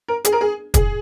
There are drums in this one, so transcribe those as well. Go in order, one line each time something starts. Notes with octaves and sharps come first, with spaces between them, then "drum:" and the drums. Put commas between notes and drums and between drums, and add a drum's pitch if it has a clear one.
A#4
G#4, drum: hi-hat
A#4
G#4
G#4, drum: kick, hi-hat